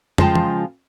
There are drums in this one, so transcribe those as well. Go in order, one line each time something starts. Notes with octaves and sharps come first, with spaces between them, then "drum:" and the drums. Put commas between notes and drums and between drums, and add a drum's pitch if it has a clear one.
C#3 F3 G#3 F4 G5 A5, drum: tom
drum: tom